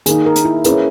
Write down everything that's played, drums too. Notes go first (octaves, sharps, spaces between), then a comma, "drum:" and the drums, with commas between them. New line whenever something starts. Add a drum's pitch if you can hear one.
D#3 A#3 D#4 G#4, drum: hi-hat
A#4
drum: hi-hat
E4
A#3 C#4 E4 G#4 B4, drum: hi-hat